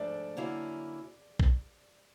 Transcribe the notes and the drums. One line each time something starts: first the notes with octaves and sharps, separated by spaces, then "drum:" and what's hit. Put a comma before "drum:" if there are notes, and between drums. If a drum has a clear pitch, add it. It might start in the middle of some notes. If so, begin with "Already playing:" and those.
Already playing: G#2 F3 A3 D4 D5
D3 F#3 A#3 C#4 E4
drum: kick